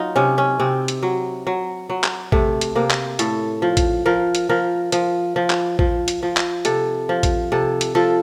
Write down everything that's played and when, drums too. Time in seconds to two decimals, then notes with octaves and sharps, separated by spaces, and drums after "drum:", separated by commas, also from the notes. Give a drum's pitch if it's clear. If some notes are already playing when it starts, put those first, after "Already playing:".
Already playing: F#3 D#4 F4
0.16 C3 C#4
0.38 C#4
0.60 C3 C4
0.88 drum: hi-hat
1.03 F#3
1.47 F#3
1.90 F#3
2.04 drum: clap
2.32 C3 A3, drum: kick A1
2.61 drum: hi-hat
2.75 C3 A#3
2.90 drum: clap
3.19 A2 A4, drum: hi-hat
3.62 F3
3.77 drum: kick A1, hi-hat
4.06 F3 A#4
4.35 drum: hi-hat
4.49 F3 A#4
4.92 F3, drum: hi-hat
5.36 F3
5.50 drum: clap
5.79 F3, drum: kick A1
6.08 drum: hi-hat
6.23 F3
6.37 drum: clap
6.65 C3 A4, drum: hi-hat
7.09 F3
7.23 drum: kick A1, hi-hat
7.52 C3 A4
7.81 drum: hi-hat
7.95 F3 A4